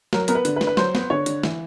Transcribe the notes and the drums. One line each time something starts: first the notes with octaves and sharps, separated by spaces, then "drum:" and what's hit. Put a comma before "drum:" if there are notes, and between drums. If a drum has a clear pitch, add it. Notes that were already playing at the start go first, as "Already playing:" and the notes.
F#3 A#4, drum: snare
B3 A#4, drum: hi-hat
B4
D3, drum: hi-hat
B4
D3, drum: snare
B4
F#3 C5, drum: snare
B3, drum: snare
D3 C#5
D3, drum: hi-hat
E3, drum: snare